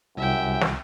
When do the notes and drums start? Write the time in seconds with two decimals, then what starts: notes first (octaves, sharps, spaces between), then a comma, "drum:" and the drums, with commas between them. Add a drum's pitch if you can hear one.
0.17 C2 F#2 E5 G5
0.61 drum: snare